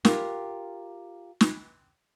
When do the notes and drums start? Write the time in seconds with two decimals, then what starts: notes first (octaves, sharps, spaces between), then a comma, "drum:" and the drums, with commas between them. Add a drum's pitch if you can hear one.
0.05 F4 G4 A#4, drum: snare
1.41 drum: snare